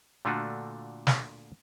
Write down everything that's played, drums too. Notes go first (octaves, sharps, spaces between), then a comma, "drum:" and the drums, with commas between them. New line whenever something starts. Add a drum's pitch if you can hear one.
A#2 D3 A3 D4 F4 F#4
drum: snare